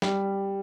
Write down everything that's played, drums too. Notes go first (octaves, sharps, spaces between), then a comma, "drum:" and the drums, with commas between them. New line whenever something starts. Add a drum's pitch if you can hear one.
G3, drum: snare